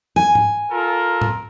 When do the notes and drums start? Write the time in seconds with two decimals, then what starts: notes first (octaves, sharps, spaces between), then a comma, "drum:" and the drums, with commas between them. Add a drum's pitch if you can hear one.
0.16 G#5
0.35 drum: tom G#2
0.70 F4 A4 A#4
1.22 drum: tom A2